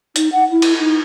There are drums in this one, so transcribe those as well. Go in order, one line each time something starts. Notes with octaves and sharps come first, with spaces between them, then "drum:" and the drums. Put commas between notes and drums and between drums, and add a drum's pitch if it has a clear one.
D#4, drum: hi-hat
F#5
E4
drum: cymbal
D#4